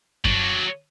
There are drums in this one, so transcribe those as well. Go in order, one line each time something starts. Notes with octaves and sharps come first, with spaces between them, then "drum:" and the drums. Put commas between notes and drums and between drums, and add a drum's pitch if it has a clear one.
F#3 D4, drum: kick F#2